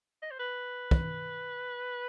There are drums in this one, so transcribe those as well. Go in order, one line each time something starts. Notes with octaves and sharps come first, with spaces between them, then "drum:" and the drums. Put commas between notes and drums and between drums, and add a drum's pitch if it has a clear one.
D#5
C5
B4
drum: kick